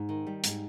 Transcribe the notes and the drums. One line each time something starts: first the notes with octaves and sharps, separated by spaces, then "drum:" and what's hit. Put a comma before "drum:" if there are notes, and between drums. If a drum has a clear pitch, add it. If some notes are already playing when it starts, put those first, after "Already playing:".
Already playing: G#2
D#3
G3
G#2, drum: hi-hat